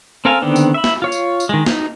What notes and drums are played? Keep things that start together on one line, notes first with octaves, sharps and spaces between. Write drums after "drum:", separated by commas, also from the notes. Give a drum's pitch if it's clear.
C4 A4 A#4 F5 G#5
D3 D#3 B3 C4 D4
drum: tambourine
E5 B5
drum: snare
F4 C#5 F5
drum: tambourine
drum: tambourine
D#3 G#3
D#4, drum: snare